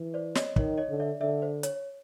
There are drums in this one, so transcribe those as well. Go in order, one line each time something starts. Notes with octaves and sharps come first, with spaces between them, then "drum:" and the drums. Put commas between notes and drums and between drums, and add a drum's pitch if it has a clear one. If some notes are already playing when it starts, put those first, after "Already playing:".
Already playing: E3
C5 D5
C#5 D#5, drum: snare
D#3 C#5 D#5, drum: kick
C#5 D#5
D3
D5 E5
D3 D5 E5
C5
C#5, drum: hi-hat